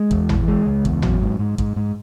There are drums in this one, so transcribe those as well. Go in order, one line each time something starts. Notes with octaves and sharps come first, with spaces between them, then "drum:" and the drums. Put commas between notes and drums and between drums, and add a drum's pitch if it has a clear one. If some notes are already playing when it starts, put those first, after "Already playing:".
Already playing: G#3
E2, drum: kick
E3, drum: tom G#1
G#3
C#2
E2, drum: kick
F#3, drum: tom G#1
G#2
G#2
G#2, drum: kick
G#2